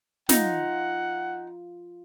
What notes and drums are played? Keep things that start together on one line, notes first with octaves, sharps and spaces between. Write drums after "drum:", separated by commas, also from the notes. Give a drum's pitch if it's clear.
D#4 F4 F#5, drum: snare